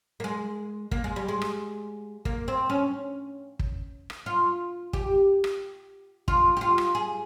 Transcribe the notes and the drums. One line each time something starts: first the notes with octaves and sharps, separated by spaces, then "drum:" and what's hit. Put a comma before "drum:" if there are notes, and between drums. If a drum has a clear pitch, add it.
A#3
G#3
A#3, drum: kick
G#3
G3
G#3
drum: rim click
A#3, drum: kick
C4
C#4
drum: kick
drum: rim click
F4
G4, drum: kick
drum: rim click
F4, drum: kick
G4
F4
drum: rim click
G#4